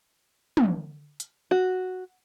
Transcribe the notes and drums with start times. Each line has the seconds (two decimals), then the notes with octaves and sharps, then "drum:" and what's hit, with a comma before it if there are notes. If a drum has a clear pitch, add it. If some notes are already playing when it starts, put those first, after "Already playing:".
0.57 drum: tom
1.20 drum: hi-hat
1.51 F#4